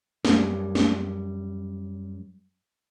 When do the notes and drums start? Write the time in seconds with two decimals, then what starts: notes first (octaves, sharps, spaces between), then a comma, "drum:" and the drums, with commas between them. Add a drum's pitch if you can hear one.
0.25 F#2 G3, drum: snare
0.75 drum: snare